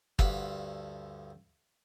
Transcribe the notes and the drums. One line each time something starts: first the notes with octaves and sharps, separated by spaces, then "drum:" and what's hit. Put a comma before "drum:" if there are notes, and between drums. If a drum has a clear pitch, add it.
D2 G2 D3 F5 F#5 B5, drum: kick